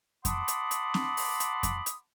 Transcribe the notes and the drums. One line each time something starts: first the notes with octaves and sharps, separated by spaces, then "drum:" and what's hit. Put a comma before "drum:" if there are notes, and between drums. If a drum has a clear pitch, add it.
F#5 A5 B5 C6 D6 D#6, drum: kick F2, hi-hat
drum: hi-hat
drum: hi-hat
drum: snare
drum: open hi-hat
drum: hi-hat
drum: kick F2, hi-hat
drum: hi-hat